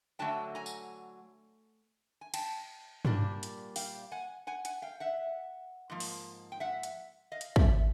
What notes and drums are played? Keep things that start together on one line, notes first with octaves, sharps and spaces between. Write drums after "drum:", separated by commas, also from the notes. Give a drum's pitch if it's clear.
D3 F#3 A3 G5 A5
G#5 A#5
drum: tambourine
G#5
G5 A5, drum: cymbal
A#2 G3 A#3 D4, drum: tom
drum: hi-hat
F5 G5, drum: open hi-hat
F#5 G#5
F#5 G#5
F#5 G#5, drum: hi-hat
F5 G5
E5 F#5
G#2 F3 A#3
drum: open hi-hat
G5
E5 F#5
drum: hi-hat
D#5 F5
drum: hi-hat
D5 E5, drum: kick